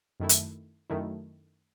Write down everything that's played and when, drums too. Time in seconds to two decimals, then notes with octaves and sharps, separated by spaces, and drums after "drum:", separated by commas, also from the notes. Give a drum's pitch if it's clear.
0.20 F#2 D#3 A3 E4
0.29 drum: hi-hat
0.90 F#2 D#3 A3 E4